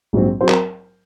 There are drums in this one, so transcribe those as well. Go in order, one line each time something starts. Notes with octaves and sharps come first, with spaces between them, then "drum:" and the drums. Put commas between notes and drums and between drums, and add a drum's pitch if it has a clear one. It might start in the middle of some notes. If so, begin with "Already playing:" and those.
A#1 G#2 F#3 C4
F#3 C4 C5
A#4, drum: clap